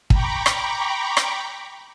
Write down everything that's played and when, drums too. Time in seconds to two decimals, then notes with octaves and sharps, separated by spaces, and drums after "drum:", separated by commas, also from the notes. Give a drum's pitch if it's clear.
0.10 G5 A#5 B5 C#6 D6, drum: kick
0.46 drum: rim click
1.17 drum: rim click